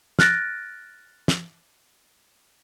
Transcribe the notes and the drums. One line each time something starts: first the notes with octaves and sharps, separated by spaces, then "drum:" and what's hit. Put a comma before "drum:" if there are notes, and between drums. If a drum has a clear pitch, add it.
F6 F#6 A6 A#6 D7, drum: snare
drum: snare